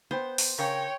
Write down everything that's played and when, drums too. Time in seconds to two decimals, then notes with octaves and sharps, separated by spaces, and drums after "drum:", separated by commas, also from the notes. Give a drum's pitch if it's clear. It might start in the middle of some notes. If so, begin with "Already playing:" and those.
0.11 B3 C5 G5
0.38 drum: open hi-hat
0.58 C#3 A#4 C#5 G5